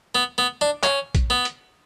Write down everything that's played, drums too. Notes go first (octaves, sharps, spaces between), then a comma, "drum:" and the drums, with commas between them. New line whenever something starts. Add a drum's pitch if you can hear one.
B3
B3
D4
C#4, drum: clap
drum: kick, hi-hat
B3
drum: hi-hat